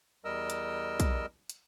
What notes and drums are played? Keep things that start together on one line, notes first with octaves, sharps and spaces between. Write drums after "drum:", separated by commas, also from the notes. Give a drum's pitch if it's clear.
E2 G3 A#4 D#5 E6
drum: hi-hat
drum: kick, hi-hat
drum: hi-hat